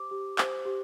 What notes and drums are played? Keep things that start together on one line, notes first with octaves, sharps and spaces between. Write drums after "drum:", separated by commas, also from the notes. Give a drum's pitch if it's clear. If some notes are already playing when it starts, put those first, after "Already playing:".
Already playing: G4 C5 D6
G4
C5, drum: clap
G4